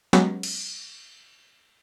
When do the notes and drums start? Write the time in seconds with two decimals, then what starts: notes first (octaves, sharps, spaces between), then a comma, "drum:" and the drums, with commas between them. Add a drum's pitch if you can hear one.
0.13 F#3 G#3 B3 C#4 F#4 G4, drum: snare
0.43 drum: cymbal